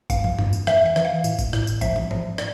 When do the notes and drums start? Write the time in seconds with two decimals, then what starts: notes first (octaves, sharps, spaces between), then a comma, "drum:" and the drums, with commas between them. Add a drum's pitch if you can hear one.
0.10 G2 F5, drum: kick F#1, tambourine
0.24 drum: tom
0.39 G2, drum: tom F2
0.53 drum: tambourine
0.67 E3 E5, drum: rim click
0.86 E5
0.96 E3, drum: rim click
1.05 F5
1.24 A2, drum: tambourine
1.39 drum: kick F#1, tambourine
1.53 A2, drum: rim click
1.67 drum: tambourine
1.81 F3 E5, drum: kick F#1, tambourine
1.96 drum: tom
2.11 F3, drum: tom G#2
2.38 D5, drum: rim click